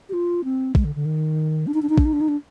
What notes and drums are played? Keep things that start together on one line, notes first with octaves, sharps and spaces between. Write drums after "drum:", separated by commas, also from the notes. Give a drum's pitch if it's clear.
G4
F4
C4
G#3, drum: kick
D3
D3
D#3
D4
D#4
D4
D#4
D4, drum: kick
D#4
D4
D#4
D4